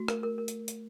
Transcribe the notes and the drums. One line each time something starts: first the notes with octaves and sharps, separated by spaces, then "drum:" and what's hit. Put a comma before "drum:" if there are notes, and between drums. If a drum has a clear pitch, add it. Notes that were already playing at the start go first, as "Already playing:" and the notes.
Already playing: A3 F#4
A#4, drum: rim click
A#4
A#4
drum: hi-hat
drum: hi-hat